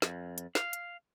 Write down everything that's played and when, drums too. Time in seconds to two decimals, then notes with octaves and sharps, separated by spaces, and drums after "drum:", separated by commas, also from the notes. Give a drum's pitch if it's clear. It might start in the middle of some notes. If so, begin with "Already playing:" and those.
0.02 F2, drum: snare
0.38 drum: hi-hat
0.55 F5, drum: snare
0.73 drum: hi-hat